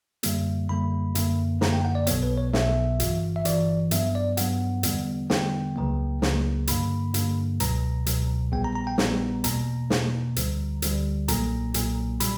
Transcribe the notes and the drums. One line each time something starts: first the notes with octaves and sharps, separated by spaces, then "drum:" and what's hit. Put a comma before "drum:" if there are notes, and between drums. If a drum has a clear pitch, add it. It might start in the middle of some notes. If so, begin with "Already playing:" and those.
F#2 D3 G3 A#3, drum: hi-hat
F#2 D3 G3 A#3 B5
F#2 D3 A#3, drum: hi-hat
F#2 D3 A#3 A#5, drum: snare
G5
F#5
D5
B1 B2 F#3 B3 C#5, drum: hi-hat
B4
C#5
B1 B2 F#3 B3 E5, drum: snare
G1 G2 E3, drum: hi-hat
E5
G1 G2 E3 D5, drum: hi-hat
G2 F#3 B3 E5, drum: hi-hat
D5
G2 F#3 B3 F#5, drum: hi-hat
E2 D3 G3 B3, drum: hi-hat
E2 D3 G3 B3 G5, drum: snare
C#2 C#3 F#3 A#3
C#2 C#3 F#3 A#3, drum: snare
G2 D3 A#3 B5, drum: hi-hat
G2 D3 A#3, drum: hi-hat
C#2 B2 F#3 A#5, drum: hi-hat
C#2 B2 F#3, drum: hi-hat
A#1 A#2 G3 B3 G5
A#5
A#5
G5
A#1 A#2 G3 B3 A#5, drum: snare
E2 B2 A#3 A#5, drum: hi-hat
E2 B2 A#3, drum: snare
D2 D3 G3, drum: hi-hat
D2 D3 G3, drum: hi-hat
B1 A#2 F#3 A#3 A#5, drum: hi-hat
B1 A#2 F#3 A#3, drum: hi-hat
A#2 G3 B5, drum: hi-hat